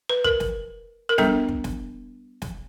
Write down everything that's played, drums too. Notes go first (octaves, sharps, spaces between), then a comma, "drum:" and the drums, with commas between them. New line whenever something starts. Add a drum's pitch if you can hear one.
B4
A#4, drum: kick
drum: snare
A#4
G3 B3 D4 A4, drum: snare
drum: kick
drum: snare
drum: snare